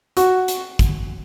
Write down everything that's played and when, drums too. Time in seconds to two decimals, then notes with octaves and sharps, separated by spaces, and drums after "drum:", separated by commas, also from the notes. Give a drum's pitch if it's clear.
0.17 F#4, drum: hi-hat
0.48 drum: hi-hat
0.79 drum: kick, hi-hat